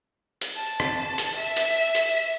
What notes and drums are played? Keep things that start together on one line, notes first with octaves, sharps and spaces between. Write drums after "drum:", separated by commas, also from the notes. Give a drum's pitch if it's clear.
drum: hi-hat
A5
drum: rim click
drum: hi-hat
E5
drum: hi-hat
drum: hi-hat